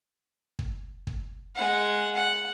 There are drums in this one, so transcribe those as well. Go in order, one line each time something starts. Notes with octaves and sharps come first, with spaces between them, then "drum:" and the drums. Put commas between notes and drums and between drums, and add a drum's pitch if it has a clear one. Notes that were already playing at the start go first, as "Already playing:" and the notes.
drum: kick
drum: kick
G#3 F#5
F#5